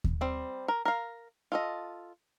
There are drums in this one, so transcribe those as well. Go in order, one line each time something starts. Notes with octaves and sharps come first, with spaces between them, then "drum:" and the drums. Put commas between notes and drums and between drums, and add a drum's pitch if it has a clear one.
drum: kick D#2
G3 C4
A#4
A#4 F5
F4 A4 D#5